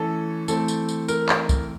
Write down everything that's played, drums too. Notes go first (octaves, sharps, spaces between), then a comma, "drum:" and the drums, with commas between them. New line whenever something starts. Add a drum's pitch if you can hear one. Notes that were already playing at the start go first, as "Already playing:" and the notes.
Already playing: E3 A3 C#4 A4
E3 A3 C4 A4, drum: tambourine
drum: tambourine
drum: tambourine
A#4, drum: tambourine
drum: clap
drum: kick B1, tambourine